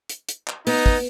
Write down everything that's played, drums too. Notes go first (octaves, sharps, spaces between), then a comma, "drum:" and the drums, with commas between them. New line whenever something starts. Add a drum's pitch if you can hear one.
drum: hi-hat
drum: hi-hat
drum: clap
B3 D#4, drum: open hi-hat
drum: kick